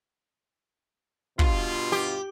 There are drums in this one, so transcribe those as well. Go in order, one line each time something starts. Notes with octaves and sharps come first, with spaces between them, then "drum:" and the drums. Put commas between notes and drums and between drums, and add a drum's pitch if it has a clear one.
G2 B2 F4, drum: kick
G4